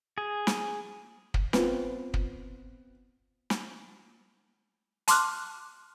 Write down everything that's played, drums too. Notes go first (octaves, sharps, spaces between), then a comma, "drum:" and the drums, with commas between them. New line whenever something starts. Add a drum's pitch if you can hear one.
G#4
drum: snare
drum: kick
B3 C4 F4, drum: snare
drum: kick
drum: snare
A5 C6 D6 F6 F#6, drum: hi-hat